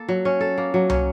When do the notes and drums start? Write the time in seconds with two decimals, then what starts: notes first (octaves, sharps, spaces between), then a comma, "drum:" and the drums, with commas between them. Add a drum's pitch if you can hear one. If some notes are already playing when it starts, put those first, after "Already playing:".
Already playing: A#3 A4
0.08 F#3
0.25 C#4
0.41 A4
0.58 A#3
0.74 F#3
0.90 C#4, drum: tom